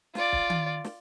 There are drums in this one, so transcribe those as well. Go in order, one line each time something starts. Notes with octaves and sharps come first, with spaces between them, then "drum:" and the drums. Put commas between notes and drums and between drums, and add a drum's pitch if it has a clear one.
F4 D5, drum: snare
drum: kick
drum: tom D#3
drum: snare